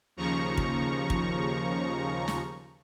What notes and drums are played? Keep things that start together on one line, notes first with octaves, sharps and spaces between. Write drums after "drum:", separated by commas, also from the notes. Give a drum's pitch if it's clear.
D#2 C#3 F3 A#5 C#6
drum: kick
drum: kick
drum: snare